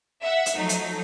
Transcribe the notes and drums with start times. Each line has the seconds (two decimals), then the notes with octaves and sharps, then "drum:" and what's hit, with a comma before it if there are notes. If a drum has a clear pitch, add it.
0.23 E5 F#5
0.46 drum: hi-hat
0.56 F3 F#3 A3 D#4
0.69 drum: hi-hat